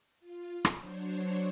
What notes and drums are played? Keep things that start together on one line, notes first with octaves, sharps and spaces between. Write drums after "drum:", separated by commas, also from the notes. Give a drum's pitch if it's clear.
F4
drum: rim click
F#3 D4 C5 C#5